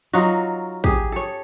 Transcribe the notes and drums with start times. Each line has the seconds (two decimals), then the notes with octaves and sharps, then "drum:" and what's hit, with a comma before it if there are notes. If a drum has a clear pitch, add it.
0.13 F#3 D#4 F4 F#4
0.84 G4 G#4, drum: kick
1.12 A4 C#5